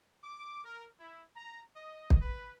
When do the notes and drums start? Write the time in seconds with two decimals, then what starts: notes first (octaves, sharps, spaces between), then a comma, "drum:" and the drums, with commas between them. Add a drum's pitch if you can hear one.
0.23 D6
0.64 A#4
0.99 E4
1.36 A#5
1.76 D#5
2.10 drum: kick
2.21 B4